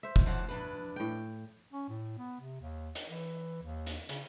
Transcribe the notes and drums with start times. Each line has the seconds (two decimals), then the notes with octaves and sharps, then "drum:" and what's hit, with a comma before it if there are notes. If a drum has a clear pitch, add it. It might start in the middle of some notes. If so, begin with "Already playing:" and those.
0.03 C5 E5
0.16 drum: kick F1
0.26 G#2 F3 F#3
0.49 E2 D4 B4
0.96 A2 G5
1.72 C#4
1.89 A2
2.18 B3
2.40 C3
2.61 D#2
2.95 drum: hi-hat
3.08 E3
3.63 D#2
3.87 drum: hi-hat
4.09 C#3, drum: hi-hat